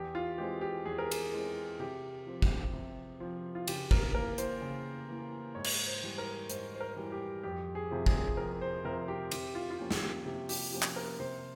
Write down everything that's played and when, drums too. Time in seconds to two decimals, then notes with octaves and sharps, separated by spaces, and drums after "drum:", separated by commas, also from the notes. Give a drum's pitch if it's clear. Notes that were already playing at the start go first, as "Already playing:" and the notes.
Already playing: E2 G4
0.15 F4
0.38 E3 G#3 C4 G4
0.61 G4
0.85 E2 G#4
0.98 A#4
1.11 G#4, drum: cymbal
1.32 E3 G#3 C4
1.80 C3 G4
2.26 F3 C4
2.42 drum: kick
2.73 C3
3.20 F3 C4
3.55 F4
3.68 C#3 G4, drum: cymbal
3.91 A#4, drum: kick
4.14 E3 A#3 A#4
4.38 C5, drum: hi-hat
4.62 C#3
5.08 E3 A#3
5.55 G#2 C#5
5.64 drum: cymbal
5.87 C5
6.02 E3 G3
6.18 A#4
6.50 G#2 C5, drum: hi-hat
6.75 C5
6.80 A#4
6.97 E3 G3
7.12 G4
7.43 F2 G4
7.75 G#4
7.91 C3 F3
8.06 G#4, drum: kick
8.37 F2 A#4
8.61 C5
8.85 C3 F3 A#4
9.08 G4
9.31 C3 G4, drum: cymbal
9.55 F4
9.70 F4
9.79 F3 A#3 C#4 G4
9.91 drum: snare
10.02 G4
10.26 C3 G4
10.49 G4, drum: open hi-hat
10.72 F3 A#3 C#4 G4
10.82 drum: clap
10.96 A#4
11.19 C3 C5